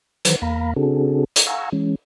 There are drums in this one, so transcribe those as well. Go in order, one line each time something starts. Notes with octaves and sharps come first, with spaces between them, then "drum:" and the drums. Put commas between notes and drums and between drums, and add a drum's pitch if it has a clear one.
D#3 E3 F#3 B4 C5, drum: hi-hat
E2 A#3 F5 A#5 B5
C#3 C4 D4 F#4 G#4 A4
drum: hi-hat
F5 F#5 G#5 A#5 C#6 E6
E3 G#3 C#4